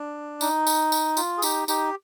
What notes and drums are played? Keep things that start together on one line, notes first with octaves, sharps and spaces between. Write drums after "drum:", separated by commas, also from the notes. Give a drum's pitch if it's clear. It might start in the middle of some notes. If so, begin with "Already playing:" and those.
Already playing: D4
D#4, drum: tambourine
drum: tambourine
drum: tambourine
F4, drum: tambourine
G#4
D#4 G4, drum: tambourine
D#4 G4, drum: tambourine